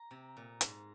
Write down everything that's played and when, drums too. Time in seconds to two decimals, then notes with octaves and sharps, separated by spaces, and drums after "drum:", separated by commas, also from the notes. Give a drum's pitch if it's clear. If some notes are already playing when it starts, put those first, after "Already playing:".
Already playing: A#5
0.11 C3
0.37 A#2
0.61 G#2, drum: hi-hat